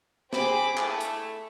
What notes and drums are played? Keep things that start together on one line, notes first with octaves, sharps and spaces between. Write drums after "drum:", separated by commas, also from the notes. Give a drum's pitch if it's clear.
C4 G#4 B5 D6, drum: snare
A3 E4 A4, drum: clap
drum: hi-hat